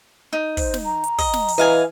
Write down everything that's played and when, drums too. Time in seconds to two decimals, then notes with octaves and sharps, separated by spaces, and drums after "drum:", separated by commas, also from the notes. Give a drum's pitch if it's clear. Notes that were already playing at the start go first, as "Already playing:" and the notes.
0.33 D#4
0.57 C5, drum: kick, open hi-hat
0.74 drum: snare
0.85 A#5
1.04 drum: hi-hat
1.18 D#5, drum: kick, open hi-hat
1.33 drum: snare
1.48 drum: open hi-hat
1.58 E3 D#5 F5 G#5